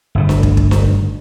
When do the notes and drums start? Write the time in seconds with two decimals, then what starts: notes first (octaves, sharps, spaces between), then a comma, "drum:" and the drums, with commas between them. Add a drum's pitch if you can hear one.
0.15 G1 A2
0.29 drum: snare D4
0.43 drum: kick
0.57 drum: kick
0.71 drum: snare D4